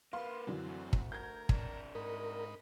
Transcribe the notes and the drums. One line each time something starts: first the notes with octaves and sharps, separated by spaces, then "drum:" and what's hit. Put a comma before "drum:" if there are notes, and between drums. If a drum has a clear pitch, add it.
A#3 B4 F5 C6
F#2 D3 E3 F#3 C4
D2
drum: kick
A#4 G6 G#6
C3 D4, drum: kick
G#2 A#4 D#5 B5